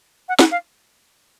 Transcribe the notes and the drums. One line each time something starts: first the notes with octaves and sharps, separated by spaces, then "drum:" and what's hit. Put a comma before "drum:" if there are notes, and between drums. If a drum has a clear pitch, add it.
F#5
F#5, drum: snare
F5